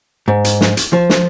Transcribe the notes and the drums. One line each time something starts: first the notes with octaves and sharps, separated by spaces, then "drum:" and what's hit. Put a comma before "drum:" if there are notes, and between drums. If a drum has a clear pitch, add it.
G#2
drum: hi-hat
drum: snare
drum: hi-hat
F3
drum: snare